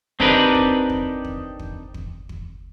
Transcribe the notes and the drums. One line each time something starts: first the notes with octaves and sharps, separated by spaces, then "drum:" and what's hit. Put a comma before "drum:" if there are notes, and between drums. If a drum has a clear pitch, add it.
C4 D4 D#4 G4 A#4 B4, drum: kick
drum: kick
drum: kick
drum: kick
drum: kick
drum: kick
drum: kick